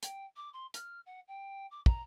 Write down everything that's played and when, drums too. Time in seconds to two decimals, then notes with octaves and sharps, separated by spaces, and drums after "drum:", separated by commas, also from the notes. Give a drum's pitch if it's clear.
0.03 G5, drum: hi-hat
0.36 D6
0.53 C6
0.74 F6, drum: hi-hat
1.06 F#5
1.28 G5
1.71 D6
1.86 A#5, drum: kick